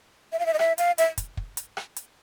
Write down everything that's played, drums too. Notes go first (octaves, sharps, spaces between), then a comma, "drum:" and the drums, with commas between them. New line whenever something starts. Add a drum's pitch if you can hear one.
E5
F5
E5
D#5
E5, drum: rim click
F5, drum: hi-hat
E5, drum: hi-hat
drum: kick, hi-hat
drum: kick
drum: hi-hat
drum: rim click
drum: hi-hat